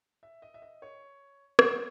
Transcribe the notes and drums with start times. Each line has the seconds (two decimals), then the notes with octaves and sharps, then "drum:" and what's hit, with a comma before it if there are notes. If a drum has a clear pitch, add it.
0.23 E5
0.42 D#5
0.54 E5
0.62 D#5
0.82 C#5
1.59 F#5, drum: rim click